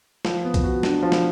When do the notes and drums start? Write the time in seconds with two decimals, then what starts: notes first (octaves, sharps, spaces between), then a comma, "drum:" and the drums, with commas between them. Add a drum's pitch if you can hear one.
0.25 F3, drum: snare
0.44 B3
0.54 drum: kick B1, hi-hat
0.64 F#4
0.83 D4, drum: snare
1.02 F3
1.12 drum: snare